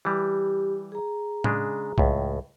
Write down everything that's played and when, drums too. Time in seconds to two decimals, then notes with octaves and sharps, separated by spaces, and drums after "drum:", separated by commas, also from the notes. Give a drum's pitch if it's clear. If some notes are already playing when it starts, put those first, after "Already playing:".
0.05 E3 G3 G4
0.92 G#4 A#5
1.44 C#3 G#3 D4, drum: tom A2
1.98 C#2 A2, drum: kick B1